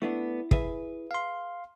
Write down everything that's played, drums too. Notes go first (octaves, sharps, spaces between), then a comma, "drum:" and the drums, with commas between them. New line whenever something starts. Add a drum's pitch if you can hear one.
A3 B3 D4 E4
G#4 B4 E5, drum: kick
F5 C6